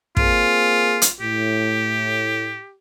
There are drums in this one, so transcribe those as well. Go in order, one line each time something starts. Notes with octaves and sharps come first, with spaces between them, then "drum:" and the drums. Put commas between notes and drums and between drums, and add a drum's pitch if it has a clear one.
A#3 C4 F4 G#4, drum: kick
drum: hi-hat
A2 G4